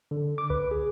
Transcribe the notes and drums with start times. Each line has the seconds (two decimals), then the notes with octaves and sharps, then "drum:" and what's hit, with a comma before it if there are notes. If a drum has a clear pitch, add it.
0.11 D3
0.38 D6
0.50 B4, drum: kick C2
0.71 G#4